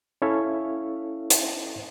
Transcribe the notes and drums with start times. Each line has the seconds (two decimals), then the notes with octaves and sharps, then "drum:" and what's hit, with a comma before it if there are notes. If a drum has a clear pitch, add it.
0.22 C#4 E4 A4 C#5 E5 F5
1.30 drum: hi-hat